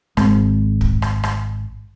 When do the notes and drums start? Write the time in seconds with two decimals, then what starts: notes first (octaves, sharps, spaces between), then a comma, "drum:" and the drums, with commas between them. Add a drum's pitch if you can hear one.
0.17 G#1 G#3 C4, drum: rim click
0.81 drum: kick
1.02 drum: rim click
1.24 drum: rim click